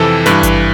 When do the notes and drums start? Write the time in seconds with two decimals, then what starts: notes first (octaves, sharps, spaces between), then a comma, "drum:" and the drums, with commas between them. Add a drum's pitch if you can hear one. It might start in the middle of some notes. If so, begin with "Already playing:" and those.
Already playing: F2 C3 E3 G4 A4
0.26 G2 E3 B4, drum: snare
0.43 drum: kick G#1, hi-hat